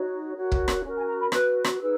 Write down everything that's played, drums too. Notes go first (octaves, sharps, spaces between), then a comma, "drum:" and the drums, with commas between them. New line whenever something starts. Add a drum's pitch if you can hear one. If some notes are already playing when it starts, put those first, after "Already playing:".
Already playing: D#4 F#4 C#5
F#4 A#4 C#5
drum: kick
drum: rim click
C#4 F#4 A#4
G#5
A#5
B5
F#4 B4 F#6, drum: rim click
drum: rim click
D#4 G#4 B4 E6